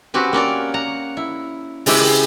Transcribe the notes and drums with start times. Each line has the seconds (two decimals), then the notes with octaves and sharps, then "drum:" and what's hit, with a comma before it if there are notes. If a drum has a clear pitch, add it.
0.14 C4 C#4 F#4 G4 B4
0.33 A#3 C#4 A#4 D5
0.74 F#5 A#5
1.17 E4
1.86 C#3 G#3 E4 G4, drum: open hi-hat